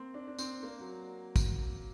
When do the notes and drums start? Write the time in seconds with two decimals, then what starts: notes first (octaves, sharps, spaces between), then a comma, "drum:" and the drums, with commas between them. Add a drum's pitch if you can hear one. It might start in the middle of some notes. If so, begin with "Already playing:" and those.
Already playing: A#3 C4
0.14 D4
0.27 D4
0.39 C4, drum: tambourine
0.63 A#3
0.79 F#3
1.36 drum: kick, tambourine